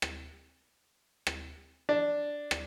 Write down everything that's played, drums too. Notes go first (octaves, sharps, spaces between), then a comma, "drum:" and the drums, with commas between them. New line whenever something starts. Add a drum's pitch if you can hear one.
drum: rim click
drum: rim click
D4
drum: rim click